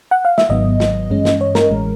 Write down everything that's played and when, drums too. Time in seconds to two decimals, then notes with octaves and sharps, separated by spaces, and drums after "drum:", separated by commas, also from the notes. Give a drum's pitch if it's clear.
0.11 F#5
0.25 F5
0.38 E5, drum: snare
0.49 G#1 G#2 D#3 F#3 B3 D#5
0.80 drum: snare
1.10 G2 E3 G#3 C#4
1.25 drum: snare
1.41 C#5
1.55 A#4, drum: snare
1.70 A1 A2 E3 G#3